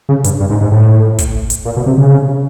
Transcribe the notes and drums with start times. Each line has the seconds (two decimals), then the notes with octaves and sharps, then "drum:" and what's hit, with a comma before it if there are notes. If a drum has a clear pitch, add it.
0.09 C#3
0.24 G2, drum: hi-hat
0.40 G2
0.50 G#2
0.61 G#2
0.72 A2
1.18 drum: kick, hi-hat
1.50 drum: hi-hat
1.65 A#2
1.77 B2
1.86 C3
1.97 C#3